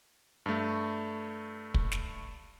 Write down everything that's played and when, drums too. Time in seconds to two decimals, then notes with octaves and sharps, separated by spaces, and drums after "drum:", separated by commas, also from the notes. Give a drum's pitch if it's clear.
0.46 G2 A3
1.74 drum: kick
1.92 drum: snare